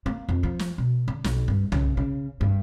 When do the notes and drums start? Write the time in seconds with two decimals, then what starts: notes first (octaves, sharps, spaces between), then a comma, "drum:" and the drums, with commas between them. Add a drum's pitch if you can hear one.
0.06 A#3
0.29 F2
0.43 F3
0.59 drum: snare
0.78 B2
1.08 D3
1.24 B1, drum: snare
1.48 G2
1.72 C#3, drum: tom B1
1.97 C#3
2.41 G2